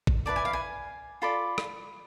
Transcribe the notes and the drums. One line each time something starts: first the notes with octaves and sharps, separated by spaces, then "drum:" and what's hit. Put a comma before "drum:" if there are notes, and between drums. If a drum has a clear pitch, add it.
drum: kick A1
E4 B4 D5 A5
G#5
F5
G#5
F4 A4 D5 B5
drum: rim click